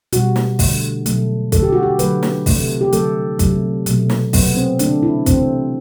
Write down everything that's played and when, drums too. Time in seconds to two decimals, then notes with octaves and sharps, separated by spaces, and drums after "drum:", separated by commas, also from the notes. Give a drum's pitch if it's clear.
0.13 B2 G3 F#4, drum: hi-hat
0.36 drum: snare
0.59 D3 A3, drum: kick, open hi-hat
1.06 B2 F#3 A3, drum: hi-hat
1.52 D3 A3 A4, drum: kick, hi-hat
1.63 G4
1.72 F#4
1.83 G4
1.99 D3 F#3 A3 B4, drum: hi-hat
2.23 drum: snare
2.46 C3 E3 A3, drum: kick, open hi-hat
2.81 G4
2.93 D3 F#3 A3 A4, drum: hi-hat
3.39 C3 F#3 A3, drum: kick, hi-hat
3.86 B2 F#3 A3, drum: hi-hat
4.10 drum: snare
4.33 C3 F#3 A3 B3, drum: kick, open hi-hat
4.56 C4
4.79 D3 A3 D4, drum: hi-hat
5.03 E4
5.26 C3 E3 A3 C4, drum: kick, hi-hat